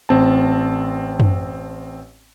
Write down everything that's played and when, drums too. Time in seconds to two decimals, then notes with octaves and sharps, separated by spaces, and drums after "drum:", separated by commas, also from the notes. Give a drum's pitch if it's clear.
0.09 A1 C4 A5
1.20 drum: tom F#2